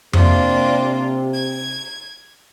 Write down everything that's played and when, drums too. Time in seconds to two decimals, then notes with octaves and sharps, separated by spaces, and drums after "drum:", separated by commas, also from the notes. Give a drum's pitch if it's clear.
0.13 C3 A#3 D4 F4, drum: tom F2
1.34 G#6